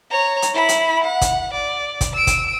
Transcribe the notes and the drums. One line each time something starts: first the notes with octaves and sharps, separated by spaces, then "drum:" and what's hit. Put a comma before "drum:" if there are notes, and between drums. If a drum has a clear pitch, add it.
C#5 A#5
drum: hi-hat
E4 B5
drum: hi-hat
F#5
drum: kick, hi-hat
D5
drum: kick, hi-hat
E6 D7
drum: kick, hi-hat